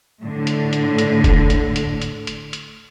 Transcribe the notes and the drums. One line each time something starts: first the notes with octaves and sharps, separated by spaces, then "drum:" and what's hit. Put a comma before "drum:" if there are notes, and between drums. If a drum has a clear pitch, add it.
A2 D3
drum: hi-hat
drum: hi-hat
drum: hi-hat
drum: kick E1, hi-hat
drum: hi-hat
drum: hi-hat
drum: hi-hat
drum: hi-hat
drum: hi-hat